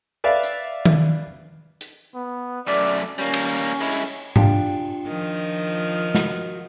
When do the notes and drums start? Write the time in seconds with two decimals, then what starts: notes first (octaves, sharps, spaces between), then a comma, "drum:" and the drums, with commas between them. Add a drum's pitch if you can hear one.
0.24 B4 D5 E5 F5
0.44 drum: hi-hat
0.85 drum: tom D#3
1.81 drum: hi-hat
2.15 B3
2.67 F#2 A3 D5
3.19 G3 A#3 C#4
3.34 drum: cymbal
3.81 G#3 E4
3.93 drum: hi-hat
4.36 D4 F4 G4, drum: tom G#2
5.06 D#3 F3
6.15 F#4, drum: snare